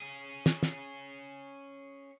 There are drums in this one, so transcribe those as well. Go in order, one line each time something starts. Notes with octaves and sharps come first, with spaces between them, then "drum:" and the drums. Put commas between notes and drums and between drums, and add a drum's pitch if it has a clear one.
C#4 G#4
drum: snare
drum: snare